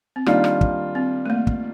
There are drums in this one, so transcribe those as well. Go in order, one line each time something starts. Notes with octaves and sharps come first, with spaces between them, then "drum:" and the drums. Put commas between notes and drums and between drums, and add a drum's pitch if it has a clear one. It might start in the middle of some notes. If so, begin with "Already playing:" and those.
C4
D#3 G3 A#3 D4 F4, drum: rim click
drum: rim click
drum: kick
C4
A3
A#3
drum: kick